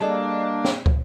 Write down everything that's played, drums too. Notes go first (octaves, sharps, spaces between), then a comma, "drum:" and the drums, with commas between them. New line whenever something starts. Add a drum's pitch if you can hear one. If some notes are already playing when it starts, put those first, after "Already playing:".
G3 A#3 D4 G#4 A4 D5 D#5 A5
drum: snare
drum: kick